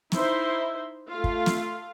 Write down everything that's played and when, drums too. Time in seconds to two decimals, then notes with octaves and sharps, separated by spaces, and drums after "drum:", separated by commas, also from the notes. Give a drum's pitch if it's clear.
0.12 D#4 E4 C5 E5, drum: snare
1.09 A3 F4 F5
1.24 drum: kick
1.46 drum: snare